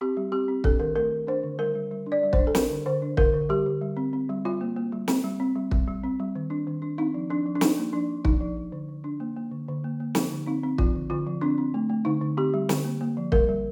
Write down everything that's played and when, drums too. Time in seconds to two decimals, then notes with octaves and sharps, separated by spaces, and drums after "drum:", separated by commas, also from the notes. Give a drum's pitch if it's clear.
0.01 C4 G4
0.17 G3
0.32 C4 G4
0.48 C4
0.64 D4 A4, drum: kick
0.80 D#3 A#4
0.96 A3 A#4
1.12 D#3
1.27 D4 C5
1.43 D3
1.59 G3 A#4
1.75 G3
1.91 G3
2.06 D4
2.12 D5
2.23 G3
2.33 C5, drum: kick
2.39 D4
2.47 A4
2.55 D4 A#4, drum: snare
2.70 D3
2.86 D3 C5
3.02 D4
3.17 D3 A#4, drum: kick
3.34 D3
3.49 G3 G4
3.66 D3
3.81 G3
3.97 C4
4.13 C4
4.29 G3
4.45 G3 F4
4.61 A#3
4.76 A#3
4.92 G3
5.08 C4, drum: snare
5.24 G3
5.40 C4
5.56 G3
5.71 G3, drum: kick
5.88 G3
6.04 C4
6.20 G3
6.35 D#3
6.50 D4
6.67 D#3
6.82 D4
6.98 C4 D#4
7.14 F3
7.30 F3 D4
7.46 F3
7.55 D4
7.61 F3 D#4, drum: snare
7.78 A#3
7.93 F3 D4
8.10 F3
8.25 F3 D#4, drum: kick
8.41 F3
8.57 F3
8.72 D3
8.89 D3
9.04 D4
9.20 A#3
9.37 A#3
9.51 D3
9.68 D3
9.84 A#3
10.00 A#3
10.15 F3 D#4, drum: snare
10.32 D3
10.46 C4 D#4
10.63 C4
10.78 F3 F4, drum: kick
10.95 D3
11.10 D3 F4
11.27 F3
11.41 C4 D4
11.58 C4
11.74 A3
11.90 A3
12.05 D3 D#4
12.21 D3
12.37 C4 G4
12.54 G3
12.69 D3, drum: snare
12.85 A#3
13.01 A#3
13.17 F3
13.32 G3 A#4, drum: kick
13.49 G3